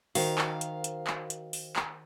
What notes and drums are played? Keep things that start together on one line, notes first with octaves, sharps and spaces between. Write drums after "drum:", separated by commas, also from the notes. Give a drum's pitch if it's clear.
D#3 F#4 A#4 C5 F5, drum: open hi-hat
drum: clap
drum: hi-hat
drum: hi-hat
drum: clap
drum: hi-hat
drum: open hi-hat
drum: clap